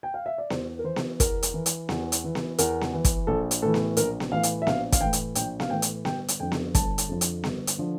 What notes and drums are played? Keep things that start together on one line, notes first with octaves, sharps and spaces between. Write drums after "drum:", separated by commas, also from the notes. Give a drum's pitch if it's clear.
G5
F5
E5
D5
E2 C5, drum: snare B3
A#4
E3 C5
drum: snare B3
E2 A#4, drum: kick, hi-hat
drum: hi-hat
E3
drum: hi-hat
E2, drum: snare B3
drum: hi-hat
E3
drum: snare B3
E2 A#4, drum: hi-hat
drum: snare B3
E3
drum: kick, hi-hat
A#1 A4
drum: hi-hat
A2 E3 A4
drum: snare B3
A#1 A#4, drum: hi-hat
drum: snare B3
A2 E3 F5
drum: hi-hat
E5
A#1 F5, drum: snare B3
F5, drum: kick, hi-hat
A2 E3 G5
drum: hi-hat
A#1 G5, drum: hi-hat
F5, drum: snare B3
A2 E3 G5
drum: hi-hat
G1 G5, drum: snare B3
drum: hi-hat
F2 D3 F3 G5
drum: snare B3
G1 A5, drum: kick, hi-hat
drum: hi-hat
F2 D3 F3
drum: hi-hat
G1, drum: snare B3
drum: hi-hat
D3 F3